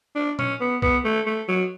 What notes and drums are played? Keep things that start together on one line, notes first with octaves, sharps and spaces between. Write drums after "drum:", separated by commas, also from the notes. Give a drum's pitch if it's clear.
D4
C#4, drum: tom A#2
B3
B3, drum: kick C2
A3
A3
F#3